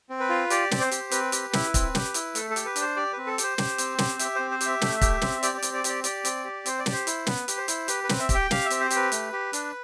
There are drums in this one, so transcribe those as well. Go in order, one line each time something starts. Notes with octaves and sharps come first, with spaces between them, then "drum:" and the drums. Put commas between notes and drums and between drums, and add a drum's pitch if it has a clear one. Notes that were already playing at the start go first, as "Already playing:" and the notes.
C4
B4
F4
G4 D5, drum: hi-hat
C4, drum: snare
C5
G4, drum: hi-hat
C4 B4, drum: hi-hat
G4, drum: hi-hat
E4, drum: snare
C4, drum: kick, hi-hat
G4, drum: snare
E4, drum: hi-hat
A3 A4, drum: hi-hat
A4
G4, drum: hi-hat
B4
D4, drum: hi-hat
C5
G4 D5
C4 B4
A4
G4, drum: hi-hat
C5
G4, drum: snare
C4, drum: hi-hat
G4, drum: snare
G4 E5, drum: hi-hat
C4 C5
C5
G4, drum: hi-hat
E5
A3, drum: snare
G4, drum: kick, hi-hat
C4, drum: snare
G4 D5, drum: hi-hat
D5
C4, drum: hi-hat
D5
G4 D5, drum: hi-hat
G4 D5, drum: hi-hat
C4, drum: hi-hat
G4
C4 C5, drum: hi-hat
D5
G4, drum: snare
C5
E4, drum: hi-hat
B3 B4, drum: snare
G4, drum: hi-hat
C5
E4, drum: hi-hat
G4 B4, drum: hi-hat
B4
C4, drum: snare
E5
G4, drum: kick, hi-hat
G5
G4 F5, drum: snare
E5
C4, drum: hi-hat
C5
G4, drum: hi-hat
B4
A3, drum: hi-hat
G4
D4, drum: hi-hat